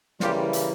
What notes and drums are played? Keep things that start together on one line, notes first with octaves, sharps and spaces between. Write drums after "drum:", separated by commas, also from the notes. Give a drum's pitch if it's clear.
C#3 E3 G3 A#3 F4 G4, drum: snare
drum: hi-hat